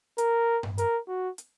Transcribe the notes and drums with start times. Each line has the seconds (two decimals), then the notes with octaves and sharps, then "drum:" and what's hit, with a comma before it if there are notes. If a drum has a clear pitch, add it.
0.18 A#4, drum: hi-hat
0.63 drum: tom G2
0.78 A#4, drum: hi-hat
1.08 F#4
1.38 drum: hi-hat